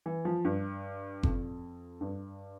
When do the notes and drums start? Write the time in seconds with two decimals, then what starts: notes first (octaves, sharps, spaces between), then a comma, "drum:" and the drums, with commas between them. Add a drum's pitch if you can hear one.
0.06 E3
0.25 F3
0.45 G2
1.23 F2, drum: kick F#1
2.01 G2